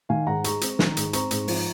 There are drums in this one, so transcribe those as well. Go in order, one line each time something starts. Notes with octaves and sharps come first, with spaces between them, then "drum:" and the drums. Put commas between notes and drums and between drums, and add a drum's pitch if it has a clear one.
D#3 F5 G#5
G#2 F#5 A#5
G#3 A#5 C#6, drum: hi-hat
C4, drum: hi-hat
D#3, drum: snare
G#2, drum: hi-hat
C4 A#5 C#6, drum: hi-hat
G#2, drum: hi-hat
F3, drum: open hi-hat